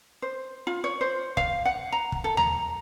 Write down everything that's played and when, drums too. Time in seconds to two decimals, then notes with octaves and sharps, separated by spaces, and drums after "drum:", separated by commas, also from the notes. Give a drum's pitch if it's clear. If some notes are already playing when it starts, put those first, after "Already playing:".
0.22 C5
0.67 F4
0.84 C#5
1.01 C5
1.37 F5, drum: kick
1.65 F#5
1.92 A#5
2.12 drum: kick
2.24 A4
2.37 A#5, drum: tom D#2